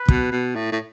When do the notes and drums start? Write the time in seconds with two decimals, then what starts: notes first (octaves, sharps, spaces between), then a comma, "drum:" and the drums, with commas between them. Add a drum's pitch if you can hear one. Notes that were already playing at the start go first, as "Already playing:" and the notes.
Already playing: B4
0.08 B2, drum: kick
0.32 B2
0.55 A2
0.72 A2